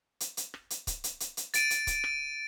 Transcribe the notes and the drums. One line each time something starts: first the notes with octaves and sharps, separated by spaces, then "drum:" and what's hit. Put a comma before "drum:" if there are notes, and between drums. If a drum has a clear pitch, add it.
drum: hi-hat
drum: hi-hat
drum: rim click
drum: hi-hat
drum: kick C#1, hi-hat
drum: hi-hat
drum: hi-hat
drum: hi-hat
A6 D7 D#7, drum: hi-hat
drum: hi-hat
drum: kick C#1, hi-hat
drum: rim click